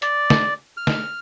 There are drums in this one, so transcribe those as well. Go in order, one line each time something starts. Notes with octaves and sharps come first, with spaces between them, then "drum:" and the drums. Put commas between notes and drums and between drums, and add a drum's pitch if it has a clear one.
D5, drum: hi-hat
drum: snare
F6
drum: snare